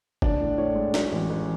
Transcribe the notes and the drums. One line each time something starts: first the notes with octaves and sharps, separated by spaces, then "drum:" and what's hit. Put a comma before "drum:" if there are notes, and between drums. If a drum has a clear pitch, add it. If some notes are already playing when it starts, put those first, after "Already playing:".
D4 D5, drum: kick
A2
A2 C#5
G#3
F#3, drum: snare
A1
A1